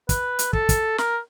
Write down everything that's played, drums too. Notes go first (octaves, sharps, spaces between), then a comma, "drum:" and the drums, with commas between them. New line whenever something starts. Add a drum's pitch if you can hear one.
B4, drum: kick, hi-hat
drum: hi-hat
A4, drum: kick
drum: kick, hi-hat
A#4, drum: snare